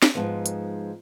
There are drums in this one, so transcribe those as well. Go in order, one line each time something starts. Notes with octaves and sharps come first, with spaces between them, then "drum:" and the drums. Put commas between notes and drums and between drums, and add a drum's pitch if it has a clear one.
drum: snare
G#2 D3 F3 G#3 B3 D#4
drum: hi-hat